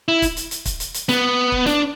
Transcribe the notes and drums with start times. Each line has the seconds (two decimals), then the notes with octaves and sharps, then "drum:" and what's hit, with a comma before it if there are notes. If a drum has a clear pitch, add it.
0.08 E4
0.22 drum: kick, hi-hat
0.37 drum: hi-hat
0.51 drum: hi-hat
0.65 drum: kick, hi-hat
0.80 drum: hi-hat
0.94 drum: hi-hat
1.09 B3, drum: snare
1.52 drum: kick
1.67 D4, drum: snare